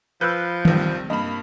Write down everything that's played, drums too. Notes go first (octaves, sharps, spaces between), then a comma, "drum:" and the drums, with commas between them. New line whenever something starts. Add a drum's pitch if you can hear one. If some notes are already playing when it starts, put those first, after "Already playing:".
F3 B4 B5 E6 F#6 G6
A#1 C3 D#3 G3, drum: tom D#3
G2 A#3 D#5 B5